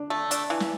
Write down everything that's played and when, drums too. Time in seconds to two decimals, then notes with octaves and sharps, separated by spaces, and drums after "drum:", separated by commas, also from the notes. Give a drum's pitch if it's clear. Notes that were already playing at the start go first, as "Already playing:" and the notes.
Already playing: D4
0.10 A3
0.31 D4, drum: hi-hat
0.50 E3
0.60 drum: snare